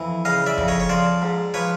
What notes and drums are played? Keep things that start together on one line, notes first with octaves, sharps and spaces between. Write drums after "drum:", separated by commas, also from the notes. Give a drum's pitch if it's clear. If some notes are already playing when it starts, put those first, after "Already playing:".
Already playing: F2 E3
C#3 D#5 F5
D5 E5
F2, drum: kick
C#5 D#5
C#5
F3 C5 D5
G#2
F3 B4 C#5